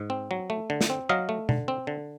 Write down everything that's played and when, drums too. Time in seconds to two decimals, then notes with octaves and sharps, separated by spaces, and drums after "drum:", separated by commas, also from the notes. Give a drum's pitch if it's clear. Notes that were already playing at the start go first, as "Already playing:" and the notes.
Already playing: G#2
0.10 C4
0.31 F#3
0.50 A3
0.70 D3
0.81 drum: snare
0.90 C4
1.09 F#3 D#5 F5
1.29 A3
1.49 D3, drum: tom B2
1.68 C4
1.87 D3